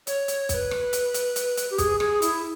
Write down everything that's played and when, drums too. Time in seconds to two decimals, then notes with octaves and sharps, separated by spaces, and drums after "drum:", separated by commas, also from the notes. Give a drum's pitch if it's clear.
0.07 C#5, drum: hi-hat
0.28 drum: hi-hat
0.49 C#5, drum: kick, hi-hat
0.54 B4
0.71 drum: rim click
0.93 drum: hi-hat
1.14 drum: hi-hat
1.36 drum: hi-hat
1.57 drum: hi-hat
1.71 G4
1.78 G#4, drum: kick, hi-hat
2.00 G#4, drum: rim click
2.22 E4, drum: hi-hat